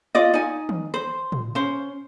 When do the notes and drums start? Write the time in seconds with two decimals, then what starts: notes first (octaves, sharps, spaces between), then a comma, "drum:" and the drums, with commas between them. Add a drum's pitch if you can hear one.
0.15 F4 D5 D#5
0.34 D#4 G#5
0.69 drum: tom D#3
0.94 C5
1.32 drum: tom
1.55 C#4 C5